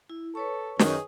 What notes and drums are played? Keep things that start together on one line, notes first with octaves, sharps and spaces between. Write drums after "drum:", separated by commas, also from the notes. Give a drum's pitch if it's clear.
E4
A4 B4 C#5 C#6
F#2 D#3 G#4, drum: snare